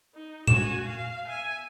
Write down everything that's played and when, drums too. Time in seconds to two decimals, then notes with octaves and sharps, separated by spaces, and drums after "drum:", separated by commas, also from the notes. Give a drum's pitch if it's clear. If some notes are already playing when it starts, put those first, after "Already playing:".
0.15 D#4
0.47 F#4 G#5 E7, drum: tom A#2
0.85 F5
1.27 E5 G#5